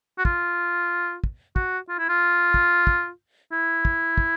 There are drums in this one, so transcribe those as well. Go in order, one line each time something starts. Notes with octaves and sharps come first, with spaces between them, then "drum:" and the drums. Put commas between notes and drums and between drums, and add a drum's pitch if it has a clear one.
F#4
F4, drum: kick
drum: kick
F#4, drum: kick
F4
E4
F4
drum: kick
drum: kick
E4
drum: kick
drum: kick